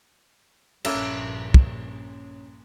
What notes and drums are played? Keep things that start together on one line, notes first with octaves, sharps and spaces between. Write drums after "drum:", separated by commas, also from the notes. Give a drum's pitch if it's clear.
A#1 G2 A#3 C#4 E4 A4, drum: cymbal
drum: kick